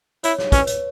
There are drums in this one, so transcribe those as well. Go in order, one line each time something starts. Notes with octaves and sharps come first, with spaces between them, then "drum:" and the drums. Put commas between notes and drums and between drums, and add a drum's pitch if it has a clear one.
E4 C#5, drum: hi-hat
C#5, drum: snare
C#4 B4, drum: kick, hi-hat
C#5, drum: hi-hat